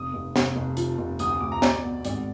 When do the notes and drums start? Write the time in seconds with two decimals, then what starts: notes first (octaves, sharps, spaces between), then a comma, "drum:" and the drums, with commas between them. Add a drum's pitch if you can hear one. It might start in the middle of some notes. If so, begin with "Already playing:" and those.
Already playing: F1 D#6
0.13 F1
0.36 F1, drum: snare
0.56 F1
0.77 F3, drum: hi-hat
0.98 F1
1.19 D2 D#6, drum: hi-hat
1.41 D2 D6
1.52 A#5
1.62 B2 D5, drum: snare
1.84 B2
2.05 G#1 D5, drum: hi-hat